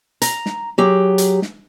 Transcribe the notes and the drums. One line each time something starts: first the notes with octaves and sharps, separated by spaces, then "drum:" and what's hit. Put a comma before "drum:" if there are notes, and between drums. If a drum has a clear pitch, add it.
A#5, drum: hi-hat
drum: snare
F#3 G4 G#4
drum: hi-hat
drum: snare